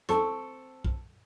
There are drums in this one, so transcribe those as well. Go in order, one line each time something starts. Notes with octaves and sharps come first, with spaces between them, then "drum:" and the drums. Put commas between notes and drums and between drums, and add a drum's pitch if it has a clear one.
C4 A4 C#6, drum: hi-hat
drum: kick